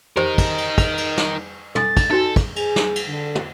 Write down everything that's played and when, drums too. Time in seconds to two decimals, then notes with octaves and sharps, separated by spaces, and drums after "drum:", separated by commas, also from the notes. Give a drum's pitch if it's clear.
0.16 D#4 G4 A#4 C5 D#5, drum: tom
0.38 drum: kick, cymbal
0.58 drum: cymbal
0.78 drum: kick, cymbal
0.98 drum: cymbal
1.17 drum: snare
1.75 A4 G#5 A6, drum: tom
1.97 drum: kick, cymbal
2.11 D#4 F#4 A4 G#5
2.36 drum: kick, cymbal
2.56 G#4, drum: cymbal
2.76 drum: snare
2.96 drum: cymbal
3.07 D3
3.35 drum: tom